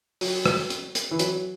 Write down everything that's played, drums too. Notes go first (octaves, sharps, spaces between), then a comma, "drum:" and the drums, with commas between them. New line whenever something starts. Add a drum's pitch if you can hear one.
F#3, drum: open hi-hat
drum: rim click
drum: hi-hat
drum: hi-hat
E3
F#3, drum: hi-hat